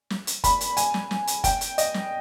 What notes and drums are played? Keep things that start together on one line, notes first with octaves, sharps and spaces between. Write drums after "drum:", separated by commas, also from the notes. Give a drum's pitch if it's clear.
drum: snare
drum: hi-hat
B5, drum: kick F#1, hi-hat
drum: hi-hat
G#5, drum: hi-hat
drum: snare
drum: snare
drum: hi-hat
G5, drum: kick F#1, hi-hat
drum: hi-hat
D#5, drum: hi-hat
drum: snare